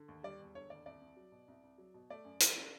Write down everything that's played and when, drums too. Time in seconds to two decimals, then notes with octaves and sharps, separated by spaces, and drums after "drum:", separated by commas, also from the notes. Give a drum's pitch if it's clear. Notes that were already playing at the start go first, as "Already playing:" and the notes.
Already playing: D3
0.08 D#2
0.23 G3 D5
0.39 E1
0.55 D3 C#5
0.70 D#2 D5
0.86 C2 D5
1.01 C2
1.17 F#3
1.32 B2
1.48 C2
1.63 C2
1.78 F#3
1.94 B2
2.10 A3 D5
2.25 F#2
2.40 F3, drum: hi-hat
2.57 C#3